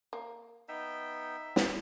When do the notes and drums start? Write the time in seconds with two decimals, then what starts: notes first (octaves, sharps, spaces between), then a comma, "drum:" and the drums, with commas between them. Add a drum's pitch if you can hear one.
0.13 A#3
0.69 B3 D#4 E5 G5
1.56 drum: snare